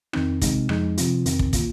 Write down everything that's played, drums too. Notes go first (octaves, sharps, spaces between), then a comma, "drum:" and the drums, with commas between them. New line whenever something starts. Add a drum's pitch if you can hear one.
F2 D#3 C4 D#4, drum: rim click
C3 G#3 C4 D#4, drum: kick, hi-hat
F2 F3 G#3 D#4, drum: rim click
C3 F3 C4 F4, drum: hi-hat
F2 D#3 C4, drum: hi-hat
drum: kick
A#2 A#3 F4, drum: kick, hi-hat